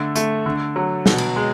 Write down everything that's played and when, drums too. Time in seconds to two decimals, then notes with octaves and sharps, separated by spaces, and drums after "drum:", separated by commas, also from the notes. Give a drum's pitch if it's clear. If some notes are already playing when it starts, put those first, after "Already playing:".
Already playing: D3 A3
0.15 A3, drum: hi-hat
0.46 D3
0.76 F#3
1.06 B2, drum: snare
1.18 drum: cymbal
1.36 G#3